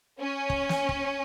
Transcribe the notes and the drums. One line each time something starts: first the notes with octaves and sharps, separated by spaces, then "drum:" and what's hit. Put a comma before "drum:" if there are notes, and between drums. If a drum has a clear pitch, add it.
C#4
drum: kick
drum: snare
drum: kick